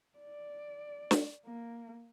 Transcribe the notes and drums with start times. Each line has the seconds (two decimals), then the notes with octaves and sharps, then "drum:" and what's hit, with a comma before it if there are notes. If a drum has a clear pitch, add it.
0.19 D5
1.11 drum: snare
1.45 A#3